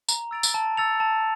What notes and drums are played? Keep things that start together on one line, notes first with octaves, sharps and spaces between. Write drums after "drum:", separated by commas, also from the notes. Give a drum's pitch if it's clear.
A#5, drum: tambourine
E6 A6 D7 F7
drum: tambourine
A5
E6 A6 C#7 F7
A5